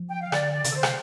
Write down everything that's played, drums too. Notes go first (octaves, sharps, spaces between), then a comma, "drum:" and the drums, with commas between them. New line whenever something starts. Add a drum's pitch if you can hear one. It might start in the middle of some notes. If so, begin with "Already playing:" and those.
Already playing: F3
G5
F5
D3 D5, drum: rim click
D5
C3, drum: hi-hat
A4
D3 C5
C3, drum: rim click